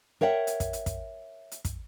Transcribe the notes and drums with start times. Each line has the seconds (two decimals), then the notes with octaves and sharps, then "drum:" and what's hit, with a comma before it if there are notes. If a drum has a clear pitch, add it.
0.21 A#4 C#5 E5 F#5 G5
0.47 drum: hi-hat
0.60 drum: kick, hi-hat
0.73 drum: hi-hat
0.86 drum: kick, hi-hat
1.52 drum: hi-hat
1.65 drum: kick, hi-hat